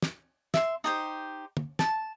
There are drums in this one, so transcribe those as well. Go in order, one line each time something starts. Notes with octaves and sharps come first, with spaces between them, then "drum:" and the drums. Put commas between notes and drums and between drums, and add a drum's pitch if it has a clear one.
drum: snare
E5 C6, drum: snare
D#4 G4 C5
drum: tom
A5, drum: snare